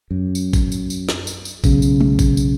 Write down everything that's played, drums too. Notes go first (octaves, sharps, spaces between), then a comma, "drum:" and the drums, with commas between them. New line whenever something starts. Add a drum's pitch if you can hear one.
F#2
drum: tambourine
drum: kick A1, tambourine
drum: tambourine
drum: tambourine
drum: snare
drum: tambourine
drum: tambourine
B1 C#3, drum: kick A1, tambourine
drum: tambourine
drum: tom
drum: kick A1, tambourine
drum: tambourine